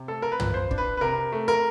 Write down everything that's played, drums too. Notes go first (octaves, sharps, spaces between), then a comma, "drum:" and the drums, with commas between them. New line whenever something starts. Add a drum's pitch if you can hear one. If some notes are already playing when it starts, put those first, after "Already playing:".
Already playing: C3
A3 A4
A#4
B4
F3, drum: tom
C5
D4, drum: kick
B4
B4
C3 A#4
A3
A#4